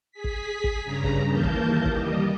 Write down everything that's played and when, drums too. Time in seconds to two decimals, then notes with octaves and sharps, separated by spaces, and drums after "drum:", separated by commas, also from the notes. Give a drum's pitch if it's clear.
0.11 G#4 B6
0.24 drum: kick
0.64 drum: kick
0.84 G2 C#3 A#5
1.04 drum: kick
1.28 D#2 E3 A#3 A#4 A5 G6
1.44 drum: kick
1.85 G3 G4 D#5, drum: kick